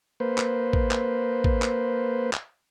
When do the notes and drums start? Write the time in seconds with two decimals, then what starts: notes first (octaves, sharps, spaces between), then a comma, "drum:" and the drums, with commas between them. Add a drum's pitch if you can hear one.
0.20 A#3 B4 C5
0.38 drum: clap
0.73 drum: kick A1
0.91 drum: clap
1.44 drum: kick A1
1.62 drum: clap
2.33 drum: clap